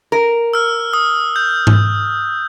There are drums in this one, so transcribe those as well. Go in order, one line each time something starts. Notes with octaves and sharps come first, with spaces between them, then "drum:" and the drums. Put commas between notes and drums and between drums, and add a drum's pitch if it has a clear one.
A#4
E6 F6
D#6
G6
drum: tom G#2